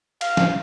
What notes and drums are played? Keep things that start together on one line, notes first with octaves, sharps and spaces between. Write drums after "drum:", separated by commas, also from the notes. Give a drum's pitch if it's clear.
F5, drum: cymbal
drum: snare